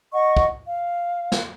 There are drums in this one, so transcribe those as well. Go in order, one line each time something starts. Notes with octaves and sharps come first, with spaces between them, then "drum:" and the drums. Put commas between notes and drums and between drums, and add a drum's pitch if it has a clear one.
D#5 F#5 C#6
drum: kick
F5
drum: snare